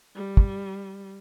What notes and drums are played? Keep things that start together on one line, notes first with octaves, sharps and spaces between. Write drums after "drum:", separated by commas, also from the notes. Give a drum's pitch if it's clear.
G3
drum: kick